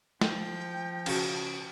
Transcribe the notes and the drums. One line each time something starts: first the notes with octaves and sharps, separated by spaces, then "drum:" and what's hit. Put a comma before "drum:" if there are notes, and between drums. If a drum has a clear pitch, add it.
F3 G5, drum: snare
C#3 F#4, drum: cymbal